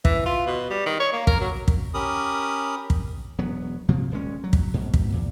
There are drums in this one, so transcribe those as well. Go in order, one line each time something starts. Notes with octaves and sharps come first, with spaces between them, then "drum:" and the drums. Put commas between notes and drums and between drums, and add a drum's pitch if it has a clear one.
E3, drum: kick
F4
B2
G3
D#3
C#5
A#3
A#4, drum: kick
F#3
drum: kick
C#4 G4 A#4 B5 D#6
drum: kick
E1 F#3 B3
C3 F3 F#3 A#3
D#1 G#3 C#4
F#3
drum: kick
G#2 B2
drum: kick
E2 A#2